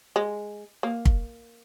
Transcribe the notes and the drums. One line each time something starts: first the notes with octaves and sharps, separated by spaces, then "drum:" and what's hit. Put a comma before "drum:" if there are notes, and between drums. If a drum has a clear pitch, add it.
G#3
A#3
drum: kick